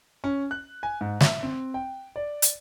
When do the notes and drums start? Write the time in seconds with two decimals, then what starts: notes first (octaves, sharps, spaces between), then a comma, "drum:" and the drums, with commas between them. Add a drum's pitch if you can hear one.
0.24 C#4
0.51 F#6
0.83 G#5
1.01 G#2
1.21 E5, drum: snare
1.43 C4
1.74 G5
2.16 D5
2.42 drum: hi-hat